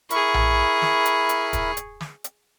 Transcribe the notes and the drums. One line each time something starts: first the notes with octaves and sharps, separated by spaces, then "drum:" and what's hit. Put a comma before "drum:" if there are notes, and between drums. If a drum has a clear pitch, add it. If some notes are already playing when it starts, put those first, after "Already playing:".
E4 G#4 A#4 B5 C#6, drum: hi-hat
drum: tom A#1
drum: snare
drum: hi-hat
drum: hi-hat
drum: kick, hi-hat
drum: hi-hat
drum: snare
drum: hi-hat